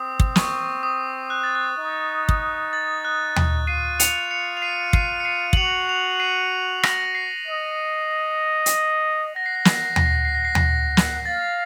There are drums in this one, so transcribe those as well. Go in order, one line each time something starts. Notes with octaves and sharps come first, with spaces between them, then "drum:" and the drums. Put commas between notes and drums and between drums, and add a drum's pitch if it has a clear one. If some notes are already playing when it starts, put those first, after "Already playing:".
Already playing: C4 D#6
drum: kick
C#6, drum: snare
D#6
F#6
A6
F#6
D#4
drum: kick
A6
F#6
A6, drum: tom D#2
F4 C7 D#7
C#7 F7, drum: hi-hat
C#7 F7
F7
C7 D#7
C7 D#7, drum: kick
C#7
C7 D#7
F#7, drum: kick
F#4 C#7 F7
C#7 F7
C7 D#7
A#6, drum: rim click
C7
D#5
drum: hi-hat
F#5 A#6
C7
A#6
C7, drum: snare
A#6
C7
A#6, drum: tom D#2
C7
A#6
C7
A#6
C7
A#6, drum: tom D#2
drum: snare
F5 A6